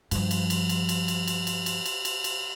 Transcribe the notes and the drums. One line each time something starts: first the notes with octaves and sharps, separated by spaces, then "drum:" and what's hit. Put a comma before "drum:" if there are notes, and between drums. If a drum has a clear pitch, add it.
G2 F3, drum: cymbal
drum: cymbal
drum: cymbal
drum: cymbal
drum: cymbal
drum: cymbal
drum: cymbal
drum: cymbal
drum: cymbal
drum: cymbal
drum: cymbal
drum: cymbal